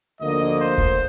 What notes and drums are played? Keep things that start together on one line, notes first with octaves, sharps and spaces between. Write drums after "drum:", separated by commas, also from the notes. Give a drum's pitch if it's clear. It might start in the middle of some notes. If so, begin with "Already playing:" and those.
D2 D3 F3 A#3 D#5
C5
drum: kick